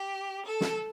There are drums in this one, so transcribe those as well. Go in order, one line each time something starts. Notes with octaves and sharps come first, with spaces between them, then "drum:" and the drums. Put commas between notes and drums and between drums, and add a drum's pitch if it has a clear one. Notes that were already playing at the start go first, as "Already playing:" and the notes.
Already playing: G4
A4
drum: snare